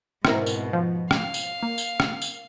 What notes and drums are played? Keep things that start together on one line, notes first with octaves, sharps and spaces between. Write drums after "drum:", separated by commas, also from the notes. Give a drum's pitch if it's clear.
G#2 B2 C4 E4 A#4, drum: rim click
drum: tambourine
F3
F5, drum: rim click
drum: tambourine
A#3
drum: tambourine
drum: rim click
drum: tambourine